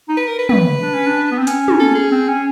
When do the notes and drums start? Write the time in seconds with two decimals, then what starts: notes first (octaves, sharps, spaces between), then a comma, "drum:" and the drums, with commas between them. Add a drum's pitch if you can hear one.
0.09 D#4
0.17 B4
0.27 A#4
0.39 B4
0.49 B4, drum: tom
0.81 D4
0.94 C#4
1.07 D4
1.32 B3
1.39 C4
1.47 C#4, drum: hi-hat
1.68 drum: tom
1.80 A4
1.95 G#4
2.12 C4
2.28 C#4